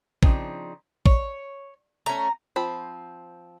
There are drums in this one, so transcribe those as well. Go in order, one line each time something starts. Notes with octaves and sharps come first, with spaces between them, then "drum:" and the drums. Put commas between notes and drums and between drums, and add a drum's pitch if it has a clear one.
C#3 F3 C4 D4 D#4, drum: kick A#1
C#5, drum: kick A#1
A3 C#4 A#5
F3 C4 B5